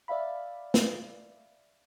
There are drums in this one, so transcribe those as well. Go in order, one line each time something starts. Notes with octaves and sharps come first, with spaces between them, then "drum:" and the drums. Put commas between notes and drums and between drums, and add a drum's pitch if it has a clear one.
D5 E5 F5 B5
drum: snare